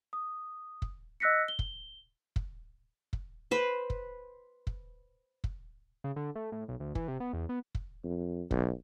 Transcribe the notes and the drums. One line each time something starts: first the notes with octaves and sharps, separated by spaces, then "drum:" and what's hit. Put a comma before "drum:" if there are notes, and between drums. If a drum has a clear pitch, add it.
D#6
drum: kick
D#5 E6 F#6 A#6 B6 C#7
G7
drum: kick
drum: kick
drum: kick
B4 C5
drum: kick
drum: kick
drum: kick
C#3
D3
A3
A2
B1
D2
E3, drum: kick
C3
B3
E2
B3
drum: kick
F2
B1, drum: kick